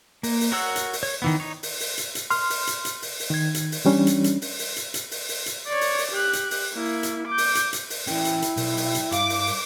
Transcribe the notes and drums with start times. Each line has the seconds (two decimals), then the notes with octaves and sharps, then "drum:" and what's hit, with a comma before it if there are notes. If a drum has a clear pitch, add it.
0.23 A#3, drum: open hi-hat
0.41 drum: open hi-hat
0.52 F#4 A#4 C#5 F#5 E6
0.76 drum: hi-hat
0.93 drum: open hi-hat
1.03 C#5
1.22 D#3 E3 B3
1.40 D#4 C#5
1.63 drum: open hi-hat
1.80 drum: open hi-hat
1.98 drum: hi-hat
2.15 drum: hi-hat
2.30 C6 F6, drum: open hi-hat
2.50 drum: open hi-hat
2.67 drum: hi-hat
2.85 drum: hi-hat
3.02 drum: open hi-hat
3.20 drum: open hi-hat
3.30 D#3 G#6
3.54 drum: hi-hat
3.72 drum: open hi-hat
3.85 E3 G3 C#4 D4
4.07 drum: hi-hat
4.24 drum: hi-hat
4.42 drum: open hi-hat
4.59 drum: open hi-hat
4.76 drum: hi-hat
4.94 drum: hi-hat
5.11 drum: open hi-hat
5.29 drum: open hi-hat
5.46 drum: hi-hat
5.67 C#5 D5
5.81 drum: open hi-hat
5.98 drum: open hi-hat
6.12 G4 F#6
6.33 drum: hi-hat
6.51 drum: open hi-hat
6.73 A#3 E4
7.03 drum: hi-hat
7.28 D6 G6
7.38 drum: open hi-hat
7.55 drum: hi-hat
7.73 drum: hi-hat
7.90 drum: open hi-hat
8.07 E3 C#4 E4 G5, drum: open hi-hat
8.25 drum: hi-hat
8.42 drum: hi-hat
8.57 B1, drum: open hi-hat
8.77 drum: open hi-hat
8.95 drum: hi-hat
9.12 G2 F5 D6, drum: hi-hat
9.30 drum: open hi-hat
9.47 drum: open hi-hat